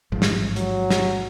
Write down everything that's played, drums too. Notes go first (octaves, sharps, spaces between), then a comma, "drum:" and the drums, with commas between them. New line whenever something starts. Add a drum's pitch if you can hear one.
A1 G#2 F3
drum: snare
F#3, drum: hi-hat
drum: snare